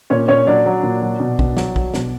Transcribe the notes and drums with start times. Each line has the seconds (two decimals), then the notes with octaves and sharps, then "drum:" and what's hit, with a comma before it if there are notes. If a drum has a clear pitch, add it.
0.10 A#2 C#4 C#5
0.28 A#2 C#4 C#5
0.47 F#3 D4 D5
0.66 F#3
0.83 A#2
1.02 F#3
1.20 B2
1.39 B2, drum: kick
1.57 F#3, drum: snare
1.76 F#3, drum: kick
1.94 B2, drum: snare